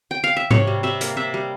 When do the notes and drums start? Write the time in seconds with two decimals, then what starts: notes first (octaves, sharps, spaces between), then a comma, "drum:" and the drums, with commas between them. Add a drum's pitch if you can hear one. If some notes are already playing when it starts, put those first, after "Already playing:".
0.11 G5
0.24 F5
0.37 E5
0.51 C3 C#5, drum: tom G#2
0.67 G3
0.83 C3 E5
1.01 A#3, drum: hi-hat
1.17 C3 E5
1.34 G3